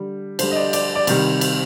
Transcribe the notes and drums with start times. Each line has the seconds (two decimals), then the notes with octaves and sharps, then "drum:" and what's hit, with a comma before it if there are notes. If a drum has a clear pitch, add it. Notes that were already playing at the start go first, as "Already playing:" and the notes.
Already playing: D3 G3
0.39 D3 G3 C5, drum: cymbal
0.51 D#5
0.56 D5
0.73 D5, drum: cymbal
0.96 D5
1.07 C3 D#3 G3, drum: cymbal
1.41 drum: cymbal